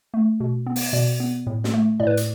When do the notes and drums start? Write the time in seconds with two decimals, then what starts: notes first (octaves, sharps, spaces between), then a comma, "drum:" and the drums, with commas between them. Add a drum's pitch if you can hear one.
0.14 A3
0.40 B2
0.66 B3
0.76 drum: open hi-hat
0.93 B2 D5
1.20 B3
1.47 A2
1.64 drum: snare
1.74 A3
2.00 A2 D5
2.07 B4
2.17 drum: hi-hat